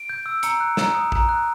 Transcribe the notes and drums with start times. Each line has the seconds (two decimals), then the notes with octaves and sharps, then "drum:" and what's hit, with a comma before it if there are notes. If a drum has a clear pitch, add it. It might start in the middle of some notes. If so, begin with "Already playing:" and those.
Already playing: D7
0.09 G6
0.26 E6
0.43 A#5 C#7, drum: hi-hat
0.60 F#6
0.77 A#5, drum: snare
0.95 D#6
1.12 A#5, drum: kick A#1
1.29 F#6